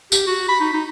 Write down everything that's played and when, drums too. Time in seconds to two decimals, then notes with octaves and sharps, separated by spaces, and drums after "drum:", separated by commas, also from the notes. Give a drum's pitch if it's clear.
0.12 G4, drum: tambourine
0.27 F#4
0.49 B5
0.60 D#4
0.74 D#4